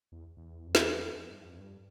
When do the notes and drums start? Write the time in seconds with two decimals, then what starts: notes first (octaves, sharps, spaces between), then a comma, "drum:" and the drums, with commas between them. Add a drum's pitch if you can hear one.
0.12 E2
0.37 E2
0.66 F2
0.75 E2, drum: snare
0.95 F2
1.17 F2
1.31 G2
1.45 F2
1.58 G2